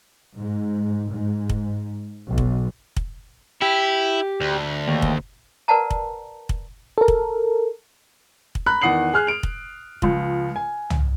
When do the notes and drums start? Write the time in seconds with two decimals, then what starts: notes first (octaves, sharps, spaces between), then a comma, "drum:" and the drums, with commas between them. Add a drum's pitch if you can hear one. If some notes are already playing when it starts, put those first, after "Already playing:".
0.36 G#2
1.11 G#2
1.49 drum: kick
2.28 B1
2.38 drum: kick
2.96 drum: kick
3.62 E4 G4
4.41 D2
4.88 D#2
5.02 drum: kick
5.68 A#4 B4 D5 F#5 A5 A#5
5.90 drum: kick
6.49 drum: kick
6.98 A4 A#4
7.08 drum: kick
8.55 drum: kick
8.66 A#5 B5 F#6
8.81 E2 D#3 F#5 D#6 C7 F#7
9.13 G#4 F6 F#6
9.27 D7 F7
9.43 drum: kick
10.02 C#2 F3, drum: kick
10.56 G#5
10.90 drum: tom